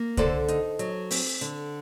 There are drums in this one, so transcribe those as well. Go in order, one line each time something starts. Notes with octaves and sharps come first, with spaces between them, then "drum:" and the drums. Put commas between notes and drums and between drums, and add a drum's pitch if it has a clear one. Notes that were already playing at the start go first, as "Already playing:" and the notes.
Already playing: A#3
D3 A4 C5, drum: kick C2, hi-hat
D#4, drum: hi-hat
F#3, drum: hi-hat
C4, drum: open hi-hat
D3, drum: hi-hat